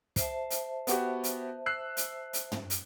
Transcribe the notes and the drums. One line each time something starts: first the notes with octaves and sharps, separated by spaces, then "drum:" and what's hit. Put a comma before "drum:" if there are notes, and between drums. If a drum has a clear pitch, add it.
C5 E5 A5, drum: kick, hi-hat
drum: hi-hat
B3 F#4 G4, drum: hi-hat
drum: hi-hat
E6 F#6 C7
drum: hi-hat
drum: hi-hat
drum: tom
drum: hi-hat